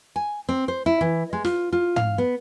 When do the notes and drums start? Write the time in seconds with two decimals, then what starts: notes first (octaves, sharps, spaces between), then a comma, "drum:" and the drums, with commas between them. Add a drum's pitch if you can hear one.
0.16 G#5
0.49 C4
0.68 C5
0.86 E4
1.01 E3
1.33 G#3
1.44 F4, drum: snare
1.73 F4
1.96 F5, drum: tom
2.18 B3